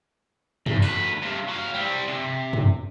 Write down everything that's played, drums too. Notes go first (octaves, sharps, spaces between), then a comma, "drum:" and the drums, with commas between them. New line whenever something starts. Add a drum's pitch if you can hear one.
E2, drum: tom
D2 B4, drum: tambourine
G2 C3
F#3 F5
G3 C4
C3
drum: tom